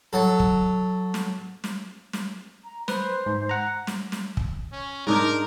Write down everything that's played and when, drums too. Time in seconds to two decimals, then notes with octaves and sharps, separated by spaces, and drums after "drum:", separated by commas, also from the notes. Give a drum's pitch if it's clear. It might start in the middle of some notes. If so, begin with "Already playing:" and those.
0.13 F#3 A4
0.40 drum: kick
1.14 drum: snare
1.64 drum: snare
2.13 drum: snare
2.64 A#5
2.88 B4 C5, drum: snare
3.26 G#2
3.49 F#5 A#5
3.87 drum: snare
4.12 drum: snare
4.37 drum: kick
4.73 C#4
5.07 G#2 D4 D#4 A#4